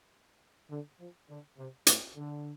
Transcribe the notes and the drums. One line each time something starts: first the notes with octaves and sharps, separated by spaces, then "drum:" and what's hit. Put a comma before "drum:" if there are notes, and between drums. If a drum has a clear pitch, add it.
D3
F3
D3
C3
A2, drum: hi-hat
D3